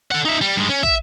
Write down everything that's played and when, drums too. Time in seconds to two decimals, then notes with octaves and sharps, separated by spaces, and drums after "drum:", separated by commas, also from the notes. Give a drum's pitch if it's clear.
0.11 A4 F#5
0.25 D#4 E5
0.41 G3
0.57 G2 G#3
0.70 C#4
0.83 E5, drum: kick